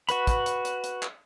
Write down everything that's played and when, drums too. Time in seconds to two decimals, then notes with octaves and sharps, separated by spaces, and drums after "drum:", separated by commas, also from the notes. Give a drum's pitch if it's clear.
0.09 F#4 B4 B5, drum: hi-hat
0.27 drum: kick, hi-hat
0.46 drum: hi-hat
0.65 drum: hi-hat
0.84 drum: hi-hat
1.03 drum: clap